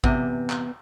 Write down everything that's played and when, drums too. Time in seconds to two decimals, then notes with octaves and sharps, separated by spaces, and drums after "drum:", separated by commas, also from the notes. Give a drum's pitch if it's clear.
0.04 E2 C3 B3, drum: kick A1
0.50 drum: clap